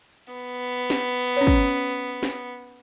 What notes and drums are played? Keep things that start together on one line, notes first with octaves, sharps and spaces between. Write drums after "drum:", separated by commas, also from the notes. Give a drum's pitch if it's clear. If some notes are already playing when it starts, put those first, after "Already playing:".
B3
drum: snare
C#4 C#5
drum: kick
drum: snare